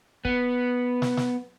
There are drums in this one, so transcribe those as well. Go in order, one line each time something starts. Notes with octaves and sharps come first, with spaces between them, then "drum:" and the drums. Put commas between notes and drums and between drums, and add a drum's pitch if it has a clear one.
B3, drum: kick
drum: snare
drum: snare